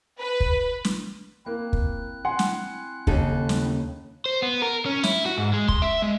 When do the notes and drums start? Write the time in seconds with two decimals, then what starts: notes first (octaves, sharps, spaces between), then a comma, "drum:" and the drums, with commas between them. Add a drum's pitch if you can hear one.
0.18 B4
0.40 drum: kick
0.85 drum: snare
1.46 A#3 C4 E4 F#6
1.73 drum: kick
2.25 F#5 G#5 C6
2.39 drum: snare
3.07 D#2 C#3 A4, drum: kick
3.49 drum: snare
4.26 C5
4.42 B3
4.62 A#4
4.86 C#4
5.04 E4, drum: snare
5.26 F#4
5.38 G#2
5.53 G#3
5.69 C6, drum: kick
5.82 E5
6.02 G#3